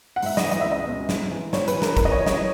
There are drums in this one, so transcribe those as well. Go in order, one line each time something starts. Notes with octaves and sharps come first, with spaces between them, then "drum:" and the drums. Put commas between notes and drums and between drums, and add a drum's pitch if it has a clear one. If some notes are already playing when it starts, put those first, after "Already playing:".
F#5
G#2 E5, drum: open hi-hat
D#5, drum: snare
E3
D#5, drum: hi-hat
C#2 E5
D#5
B2
G#2, drum: snare
E3
G#2 C#5, drum: snare
B4, drum: hi-hat
E3
A#4, drum: snare
F#2 A#4, drum: kick, hi-hat
D#5
C#5
E3
D#5, drum: snare